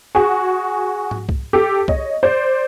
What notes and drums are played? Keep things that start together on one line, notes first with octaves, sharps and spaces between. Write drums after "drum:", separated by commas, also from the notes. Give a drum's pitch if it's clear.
F#4 G#4
drum: tom G#2
drum: kick C2
G4 A4
C#5 D#5, drum: kick C2
C5 D5